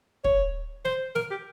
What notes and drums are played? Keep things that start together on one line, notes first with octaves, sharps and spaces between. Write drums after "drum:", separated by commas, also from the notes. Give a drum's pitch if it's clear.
C#5, drum: kick
C5, drum: snare
A#4, drum: snare
G4